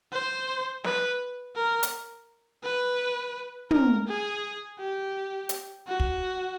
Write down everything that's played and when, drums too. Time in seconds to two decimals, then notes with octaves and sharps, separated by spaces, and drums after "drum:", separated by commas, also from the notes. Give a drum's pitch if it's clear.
0.12 C5
0.84 B4, drum: snare
1.55 A#4
1.83 drum: hi-hat
2.63 B4
3.71 A#4, drum: tom
4.07 G#4
4.79 G4
5.49 drum: hi-hat
5.87 F#4
6.00 drum: kick